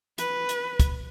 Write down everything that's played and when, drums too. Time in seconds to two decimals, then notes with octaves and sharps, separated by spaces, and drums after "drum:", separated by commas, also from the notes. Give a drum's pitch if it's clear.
0.18 B4, drum: hi-hat
0.49 drum: hi-hat
0.80 drum: kick, hi-hat